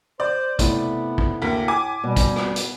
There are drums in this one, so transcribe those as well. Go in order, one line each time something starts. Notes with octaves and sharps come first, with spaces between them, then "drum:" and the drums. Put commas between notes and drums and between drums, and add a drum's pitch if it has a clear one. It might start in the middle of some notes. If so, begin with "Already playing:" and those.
C5 D5
C3 A3 B3 E4, drum: kick, hi-hat
drum: kick
D2 A2 A#3 B6
G#5 D6
B2 G3
drum: kick, hi-hat
drum: rim click
drum: hi-hat